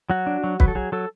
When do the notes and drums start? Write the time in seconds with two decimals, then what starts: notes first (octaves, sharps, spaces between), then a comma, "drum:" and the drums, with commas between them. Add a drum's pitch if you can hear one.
0.10 F#3 F#4
0.27 D4
0.44 F#3
0.60 F#3 B4, drum: kick
0.68 A4
0.75 F#3 G#4
0.92 F#3 A4